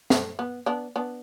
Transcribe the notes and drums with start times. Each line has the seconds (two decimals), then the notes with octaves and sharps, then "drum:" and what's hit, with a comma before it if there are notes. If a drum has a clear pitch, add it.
0.10 A3, drum: snare
0.39 B3
0.66 B3 D4
0.96 B3 D4